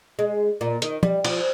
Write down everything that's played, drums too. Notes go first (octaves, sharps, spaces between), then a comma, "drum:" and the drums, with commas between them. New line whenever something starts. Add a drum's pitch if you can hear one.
G#3
A#2
D#3, drum: hi-hat
G3, drum: tom
F3, drum: cymbal